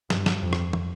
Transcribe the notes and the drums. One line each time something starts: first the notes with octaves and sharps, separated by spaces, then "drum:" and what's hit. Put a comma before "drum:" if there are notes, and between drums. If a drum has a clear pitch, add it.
G2, drum: snare
drum: snare
F2
drum: rim click
drum: tom